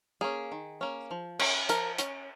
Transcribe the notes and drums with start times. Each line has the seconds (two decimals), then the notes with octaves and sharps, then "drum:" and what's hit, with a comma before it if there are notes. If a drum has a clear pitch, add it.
0.21 A#3 C#4 G#4
0.52 D#3
0.81 A#3 C#4
1.11 F3
1.39 C#4, drum: cymbal
1.69 F3 A#4, drum: hi-hat
1.98 C#4, drum: hi-hat